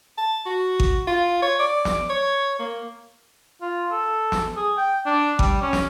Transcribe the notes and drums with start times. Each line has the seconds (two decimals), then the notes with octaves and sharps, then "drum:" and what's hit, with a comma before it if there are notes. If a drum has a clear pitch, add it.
0.18 A5
0.46 F#4
0.80 drum: kick G#1
1.07 F4
1.42 C#5
1.59 D5
1.85 drum: snare
2.10 C#5
2.59 A#3
3.62 F4
3.91 A4
4.32 drum: snare
4.56 G#4
4.77 G5
5.06 D4
5.39 G3, drum: kick G#1
5.62 C#4
5.73 drum: snare